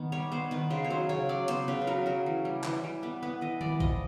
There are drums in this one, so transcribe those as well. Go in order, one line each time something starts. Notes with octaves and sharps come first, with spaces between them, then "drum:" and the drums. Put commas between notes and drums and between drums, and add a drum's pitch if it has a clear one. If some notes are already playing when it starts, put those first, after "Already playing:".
Already playing: D#3 B3
G3 C#5
B3 C5
D#3 B4
C#3 C5
C#5
F#3 C5
C#3 C#5
F#3 D5
B3 C5, drum: hi-hat
C#3 B4
B4
F#3 A#4
F#3 A#4
E3
G3
E3, drum: clap
G3
B3 B4
B3 B4
E3 D#5
G3 D5, drum: tom D#3
F3 D#5, drum: kick A1